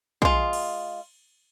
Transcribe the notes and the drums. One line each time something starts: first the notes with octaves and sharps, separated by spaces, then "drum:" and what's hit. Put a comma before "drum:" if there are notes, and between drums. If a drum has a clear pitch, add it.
G#3 F4, drum: kick
drum: cymbal